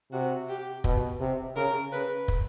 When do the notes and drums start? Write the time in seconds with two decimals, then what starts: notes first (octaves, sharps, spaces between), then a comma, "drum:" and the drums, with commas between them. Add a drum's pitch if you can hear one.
0.12 C3 F#4
0.49 G4
0.84 B2, drum: kick
1.20 C3
1.56 C#3 A#4
1.92 C#3 B4
2.28 drum: kick